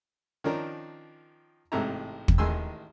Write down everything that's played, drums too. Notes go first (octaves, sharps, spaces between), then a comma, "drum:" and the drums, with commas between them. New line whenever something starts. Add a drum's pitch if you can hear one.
D#3 F3 C#4 D4 A#4
A1 G#2 C3 A4 E5 A#5
drum: kick
A1 D#3 G#3 G#5 C6 E6